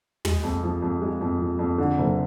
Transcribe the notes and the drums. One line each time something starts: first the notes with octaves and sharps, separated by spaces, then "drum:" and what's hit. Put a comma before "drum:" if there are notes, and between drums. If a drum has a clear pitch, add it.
G#3, drum: tom
F2
F3
F2
G#3
F2
F3
F2
D3
F#1